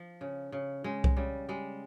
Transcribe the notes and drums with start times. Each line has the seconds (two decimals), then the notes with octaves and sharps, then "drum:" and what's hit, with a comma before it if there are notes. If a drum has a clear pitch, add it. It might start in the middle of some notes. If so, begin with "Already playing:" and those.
Already playing: F3
0.21 C#3
0.52 C#3
0.84 C#3 G#3
1.04 drum: kick C2
1.17 C#3 G3
1.49 G3 G#3